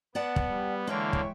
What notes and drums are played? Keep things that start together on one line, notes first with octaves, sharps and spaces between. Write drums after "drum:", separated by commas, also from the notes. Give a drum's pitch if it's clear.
B3 D5 F#5 A5
drum: kick
G3
D3 E3 G#3 A#3 C#5 E5 G5
drum: kick